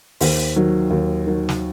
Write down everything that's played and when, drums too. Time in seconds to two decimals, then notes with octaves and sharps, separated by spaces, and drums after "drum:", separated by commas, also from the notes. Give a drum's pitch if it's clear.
0.20 D#2 C5, drum: open hi-hat
0.56 D#3 F#3
0.90 D#2
1.27 D#3 F#3
1.49 drum: snare